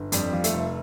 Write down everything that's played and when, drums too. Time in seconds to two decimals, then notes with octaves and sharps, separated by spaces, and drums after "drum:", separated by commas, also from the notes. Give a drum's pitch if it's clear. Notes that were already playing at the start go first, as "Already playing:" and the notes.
Already playing: G1
0.12 F2 G3, drum: hi-hat
0.33 F3
0.44 A3, drum: hi-hat
0.54 F1